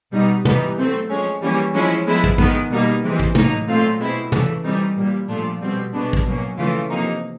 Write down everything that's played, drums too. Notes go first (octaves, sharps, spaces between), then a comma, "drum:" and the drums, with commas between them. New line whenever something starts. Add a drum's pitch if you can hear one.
B2 G3 B3 D#4
E3 G3 B3 D#4, drum: tom
F#3 A3 C4
F3 G#3 C#4
E3 G3 A#3 C#4
F3 G#3 C#4 E4
F3 G#3 B3 E4
drum: kick
D#3 G#3 B3, drum: kick
B2 G3 A#3 D#4
C3 E3 G#3 C4
drum: kick
A2 F#3 A#3 D#4, drum: tom
A#2 F#3 A3 C4 F4
B2 G#3 C4 E4
C#3 E3 A3 D4, drum: tom
E3 G3 C4 D#4
A#2 G3 A#3
A#2 F3 A3 D4 F4
B2 G3 C4
B2 G#3 B3 D4
drum: kick
B2 F#3 A#3 C#4
C#3 E3 A3 C#4 F4
C3 F3 A#3 D#4